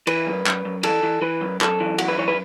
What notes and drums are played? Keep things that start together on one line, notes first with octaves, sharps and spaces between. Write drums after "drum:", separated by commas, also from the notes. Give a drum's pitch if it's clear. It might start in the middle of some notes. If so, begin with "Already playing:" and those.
E3 B4, drum: cymbal
F#2
F#2, drum: clap
F#2
E3 A4, drum: cymbal
E3
E3 B4
F#2
F#2 A4, drum: clap
E3
F#2 F#4, drum: cymbal
B4
E3 C#5
B4